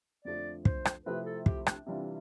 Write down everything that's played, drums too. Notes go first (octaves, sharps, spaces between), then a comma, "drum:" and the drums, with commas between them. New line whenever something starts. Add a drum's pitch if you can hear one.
F2 D3 F3 A3 D5
C5, drum: kick
drum: rim click
C3 F3 A3 C4 E4 B4
A4
G4, drum: kick
D4, drum: rim click
C3 E3 G3 C4 D4 F4